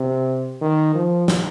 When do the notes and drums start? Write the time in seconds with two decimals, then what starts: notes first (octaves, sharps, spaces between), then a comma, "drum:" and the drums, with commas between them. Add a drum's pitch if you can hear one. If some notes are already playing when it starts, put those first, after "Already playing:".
Already playing: C3
0.61 D#3
0.95 F3
1.28 drum: snare